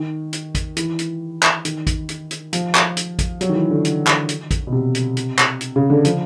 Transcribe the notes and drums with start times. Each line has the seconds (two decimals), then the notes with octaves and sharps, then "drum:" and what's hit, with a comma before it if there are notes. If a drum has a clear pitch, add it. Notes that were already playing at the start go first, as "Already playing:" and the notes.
Already playing: D#3
0.33 drum: hi-hat
0.55 drum: kick A1, hi-hat
0.77 E3, drum: hi-hat
0.99 drum: hi-hat
1.43 drum: clap
1.65 D#3, drum: hi-hat
1.87 drum: kick A1, hi-hat
2.09 drum: hi-hat
2.31 drum: hi-hat
2.53 F3, drum: hi-hat
2.75 drum: clap
2.97 drum: hi-hat
3.19 drum: kick A1, hi-hat
3.41 F#3, drum: hi-hat
3.49 D#3
3.55 E3
3.70 D3
3.85 drum: hi-hat
4.07 drum: clap
4.29 drum: hi-hat
4.51 drum: kick A1, hi-hat
4.67 B2
4.72 C3
4.95 drum: hi-hat
5.17 drum: hi-hat
5.39 drum: clap
5.61 drum: hi-hat
5.76 C#3
5.90 D3
6.05 F3, drum: hi-hat